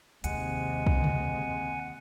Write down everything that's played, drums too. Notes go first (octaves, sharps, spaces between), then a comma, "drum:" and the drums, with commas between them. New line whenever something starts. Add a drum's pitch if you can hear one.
D#2 C3 G#3 F#5 G#5, drum: hi-hat
drum: kick
drum: tom C#3